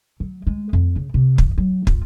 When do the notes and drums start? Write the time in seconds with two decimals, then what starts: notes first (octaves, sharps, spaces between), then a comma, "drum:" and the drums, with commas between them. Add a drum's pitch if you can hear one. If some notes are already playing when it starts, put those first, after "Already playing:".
0.20 F#3
0.47 G#3
0.73 F2
0.96 C#3
1.14 C3
1.38 E3, drum: kick
1.58 F#3
1.87 F4, drum: kick